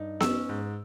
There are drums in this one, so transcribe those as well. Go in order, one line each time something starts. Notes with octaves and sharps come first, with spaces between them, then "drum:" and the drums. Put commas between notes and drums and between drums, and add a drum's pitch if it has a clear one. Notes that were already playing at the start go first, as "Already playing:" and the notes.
Already playing: G2 D#4
C#4 E6, drum: snare B3
G#2